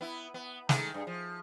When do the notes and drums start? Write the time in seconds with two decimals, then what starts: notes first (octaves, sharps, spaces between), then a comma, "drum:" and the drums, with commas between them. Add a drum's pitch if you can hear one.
0.01 B3 E4
0.34 B3
0.69 D#3 G#3 A3, drum: snare
0.94 G2
1.07 F3